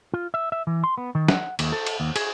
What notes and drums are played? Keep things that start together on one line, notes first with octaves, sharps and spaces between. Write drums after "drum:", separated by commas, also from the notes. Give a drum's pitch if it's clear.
F4
E5
E5
E3
C6
B3
D#3
F#5, drum: snare
D#2, drum: cymbal
A4
drum: cymbal
D#2
G#4, drum: cymbal